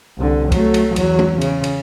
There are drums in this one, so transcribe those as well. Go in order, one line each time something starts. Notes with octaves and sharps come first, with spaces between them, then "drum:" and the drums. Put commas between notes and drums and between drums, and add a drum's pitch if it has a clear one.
C2 D3
F#3 A3, drum: kick, cymbal
drum: cymbal
E2 F#3, drum: cymbal
drum: tom G#3
C#3, drum: cymbal
drum: cymbal